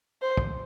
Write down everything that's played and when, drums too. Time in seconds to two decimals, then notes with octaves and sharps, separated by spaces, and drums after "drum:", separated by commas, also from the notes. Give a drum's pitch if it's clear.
0.22 C5
0.37 drum: kick